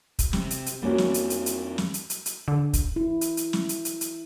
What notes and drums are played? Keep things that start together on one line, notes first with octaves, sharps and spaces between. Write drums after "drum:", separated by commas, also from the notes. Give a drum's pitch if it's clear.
drum: kick, hi-hat
C3, drum: snare
drum: hi-hat
drum: hi-hat
F2 G3 A#3 C#4 F#4
drum: snare
drum: hi-hat
drum: hi-hat
drum: hi-hat
drum: snare
drum: hi-hat
drum: hi-hat
drum: hi-hat
D3
drum: kick, hi-hat
E4
drum: hi-hat
drum: hi-hat
drum: snare
drum: hi-hat
drum: hi-hat
drum: hi-hat